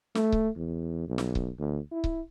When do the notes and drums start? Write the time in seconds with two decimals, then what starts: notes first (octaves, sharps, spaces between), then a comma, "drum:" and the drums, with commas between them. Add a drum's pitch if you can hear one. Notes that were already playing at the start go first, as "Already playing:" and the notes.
0.15 A3, drum: snare
0.32 drum: kick C#1
0.56 E2
1.08 B1
1.18 drum: snare
1.35 drum: kick C#1
1.59 D2
1.92 E4
2.04 drum: kick C#1